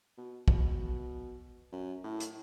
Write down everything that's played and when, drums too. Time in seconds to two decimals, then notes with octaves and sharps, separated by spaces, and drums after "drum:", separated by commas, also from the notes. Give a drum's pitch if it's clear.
0.17 B2
0.48 B2, drum: kick
1.72 F#2
2.04 A2
2.20 drum: hi-hat